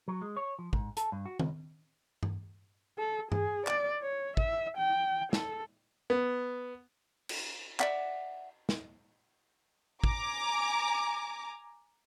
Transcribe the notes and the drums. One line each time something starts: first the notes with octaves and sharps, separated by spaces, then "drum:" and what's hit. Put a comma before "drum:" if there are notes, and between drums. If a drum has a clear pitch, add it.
F#3
G#3
C#5
F3
G#2, drum: kick
A4, drum: hi-hat
G2
F#4
C#2, drum: tom D#3
drum: tom G2
A4
G#4, drum: tom G2
D5, drum: clap
C#5
E5, drum: kick
G5
A4, drum: snare
B3
drum: cymbal
D5 E5 F#5, drum: clap
drum: snare
G#5 A#5 D6, drum: kick